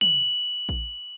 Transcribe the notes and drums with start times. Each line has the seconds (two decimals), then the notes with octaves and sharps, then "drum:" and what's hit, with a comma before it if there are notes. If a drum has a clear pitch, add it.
0.01 F#7, drum: tom
0.69 drum: kick